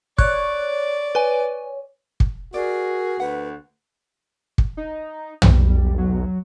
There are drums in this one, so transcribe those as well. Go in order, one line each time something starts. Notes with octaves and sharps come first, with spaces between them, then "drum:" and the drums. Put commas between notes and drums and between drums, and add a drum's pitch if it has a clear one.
C#5 D5 F#6, drum: kick
B4 G#5
drum: kick
F#4 G#4 A#4 D5
D2 B4 F#5
drum: kick
D#4
B1 G3, drum: tom
F#3